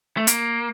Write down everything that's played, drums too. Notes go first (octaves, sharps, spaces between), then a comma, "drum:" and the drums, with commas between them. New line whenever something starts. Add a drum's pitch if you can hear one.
A3
A#3, drum: hi-hat